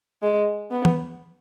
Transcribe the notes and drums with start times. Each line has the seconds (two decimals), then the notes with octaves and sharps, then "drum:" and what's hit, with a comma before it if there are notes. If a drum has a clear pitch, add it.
0.23 G#3
0.71 B3
0.85 drum: tom E3